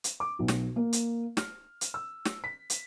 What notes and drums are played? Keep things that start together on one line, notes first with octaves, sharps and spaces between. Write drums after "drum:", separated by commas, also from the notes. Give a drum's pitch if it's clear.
drum: hi-hat
D6
B1
drum: snare
A#3
drum: hi-hat
F6, drum: snare
drum: hi-hat
E6
drum: snare
B6
drum: hi-hat